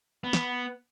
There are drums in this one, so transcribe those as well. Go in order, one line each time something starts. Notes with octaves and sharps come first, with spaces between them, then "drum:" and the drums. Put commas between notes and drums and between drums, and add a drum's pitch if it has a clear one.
B3
drum: snare